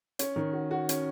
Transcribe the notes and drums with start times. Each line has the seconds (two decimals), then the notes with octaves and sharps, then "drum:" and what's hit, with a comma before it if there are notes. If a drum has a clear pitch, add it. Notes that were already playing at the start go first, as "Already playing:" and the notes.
0.19 C#4, drum: hi-hat
0.36 D#3
0.53 F#4
0.71 F#4
0.89 C#4, drum: hi-hat